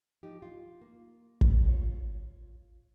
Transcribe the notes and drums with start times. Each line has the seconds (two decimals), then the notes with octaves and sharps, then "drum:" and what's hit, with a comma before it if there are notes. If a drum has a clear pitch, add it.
0.23 F3 D#4 G4
0.42 F4
0.81 A#3
1.41 drum: kick
1.66 F4 C#5